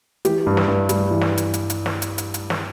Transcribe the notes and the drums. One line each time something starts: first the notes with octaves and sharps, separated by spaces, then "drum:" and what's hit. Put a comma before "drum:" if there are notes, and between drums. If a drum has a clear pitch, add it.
E3 G4, drum: hi-hat
G2
drum: snare
G2
G3, drum: hi-hat
E3
drum: snare
drum: hi-hat
drum: hi-hat
drum: hi-hat
drum: snare
drum: hi-hat
drum: hi-hat
drum: hi-hat
drum: snare